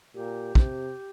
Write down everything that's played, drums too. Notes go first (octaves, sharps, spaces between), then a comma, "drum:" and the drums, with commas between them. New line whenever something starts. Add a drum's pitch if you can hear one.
A#2 G4
C3, drum: kick